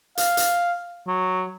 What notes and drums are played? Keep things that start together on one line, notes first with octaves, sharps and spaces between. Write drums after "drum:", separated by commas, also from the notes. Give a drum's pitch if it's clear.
F5, drum: hi-hat
drum: hi-hat
F#3